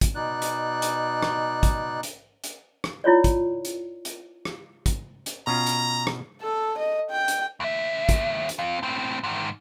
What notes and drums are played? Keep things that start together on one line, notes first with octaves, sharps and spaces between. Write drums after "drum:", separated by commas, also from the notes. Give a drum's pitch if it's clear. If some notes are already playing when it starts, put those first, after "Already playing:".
drum: kick, hi-hat
B2 D#4 D5 F#6
drum: hi-hat
drum: hi-hat
drum: rim click
drum: kick, hi-hat
drum: hi-hat
drum: hi-hat
drum: rim click
E4 F4 C#5 D5
drum: kick, hi-hat
drum: hi-hat
drum: hi-hat
drum: rim click
drum: kick, hi-hat
drum: hi-hat
B2 C#4 F4 A#5
drum: hi-hat
drum: rim click
A4
D#5
G5
drum: hi-hat
D#2 E5
drum: kick, hi-hat
drum: hi-hat
C4 F5
A2 C4
G#2 D#3